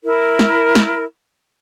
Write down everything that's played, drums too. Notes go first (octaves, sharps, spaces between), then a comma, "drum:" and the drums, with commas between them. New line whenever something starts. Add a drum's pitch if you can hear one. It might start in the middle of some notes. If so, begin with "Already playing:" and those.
E4 A#4
drum: snare
drum: snare